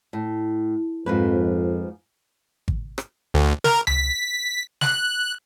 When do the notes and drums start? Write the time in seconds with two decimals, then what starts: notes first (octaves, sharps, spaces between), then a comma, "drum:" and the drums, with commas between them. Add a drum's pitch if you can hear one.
0.13 A2
1.06 F2 G#2 F3 B4
2.68 drum: kick G#1
2.98 drum: rim click
3.34 D2
3.64 A#4, drum: snare
3.87 B6, drum: tom C#2
4.81 F#6, drum: snare